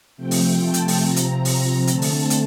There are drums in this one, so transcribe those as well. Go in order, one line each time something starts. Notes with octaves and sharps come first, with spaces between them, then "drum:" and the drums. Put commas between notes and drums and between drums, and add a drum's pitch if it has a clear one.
C3 F3 A3 C4 G5
drum: open hi-hat
A5
drum: hi-hat
drum: open hi-hat
C3 F3 C4 A#5
drum: hi-hat
A#5, drum: open hi-hat
D3 A3 C4 A5, drum: hi-hat
drum: open hi-hat
drum: hi-hat